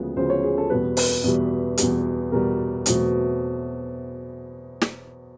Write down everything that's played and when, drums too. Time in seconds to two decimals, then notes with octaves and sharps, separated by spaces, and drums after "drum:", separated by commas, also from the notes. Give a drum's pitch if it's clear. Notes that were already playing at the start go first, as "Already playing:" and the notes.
Already playing: D2 C#3 F3 G#3 B3
0.16 D2 C#3 F3 G#3 B3 C5
0.30 C#5
0.44 G#4
0.58 A4
0.70 E2 B2 G3 B4
0.97 B4, drum: open hi-hat
1.24 E2 B2 G3
1.77 E2 B2 G3, drum: hi-hat
2.32 E2 B2 G3 A#4
2.86 E2 B2 F#3 A3 C4, drum: hi-hat
4.81 drum: snare